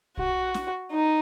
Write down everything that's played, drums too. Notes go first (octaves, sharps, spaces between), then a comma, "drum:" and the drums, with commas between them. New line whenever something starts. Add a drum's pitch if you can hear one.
F#4, drum: kick
drum: snare
D#4